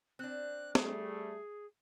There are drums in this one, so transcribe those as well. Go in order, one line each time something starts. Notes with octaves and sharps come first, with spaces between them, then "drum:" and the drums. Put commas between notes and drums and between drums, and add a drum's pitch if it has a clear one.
C4 D4 F#6
G3 A3 G#4, drum: snare